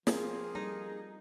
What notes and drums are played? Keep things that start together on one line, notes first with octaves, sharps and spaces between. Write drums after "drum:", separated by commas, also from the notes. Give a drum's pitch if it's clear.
F3 A#3 C4 F4 G#4, drum: snare
G3 D#4 A4